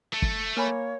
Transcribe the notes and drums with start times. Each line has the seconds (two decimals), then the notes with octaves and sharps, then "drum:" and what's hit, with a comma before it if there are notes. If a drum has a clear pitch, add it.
0.13 A3
0.22 drum: kick
0.57 A#3 A#4 C#5 G#5 B5